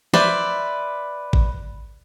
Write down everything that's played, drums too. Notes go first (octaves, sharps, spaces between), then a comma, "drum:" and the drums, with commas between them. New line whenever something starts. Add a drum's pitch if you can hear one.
B4 C5 D5 E5, drum: snare
drum: kick G#1